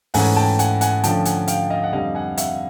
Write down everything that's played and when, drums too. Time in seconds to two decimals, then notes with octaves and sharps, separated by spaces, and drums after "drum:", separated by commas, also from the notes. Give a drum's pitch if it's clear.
0.14 G#2 E3 A3 C#4 F#5 G#5, drum: open hi-hat
0.36 G5 A5
0.59 F#5 G#5, drum: hi-hat
0.81 F#5 G#5, drum: hi-hat
1.04 D3 F3 A3 C#4 G5 A5, drum: hi-hat
1.25 F#5 G#5, drum: hi-hat
1.48 F5 G5, drum: hi-hat
1.70 D#5 F5
1.84 F#5
1.93 F2 D3 G3 D#5 F5
2.15 F#5 G#5
2.37 E5 F#5, drum: hi-hat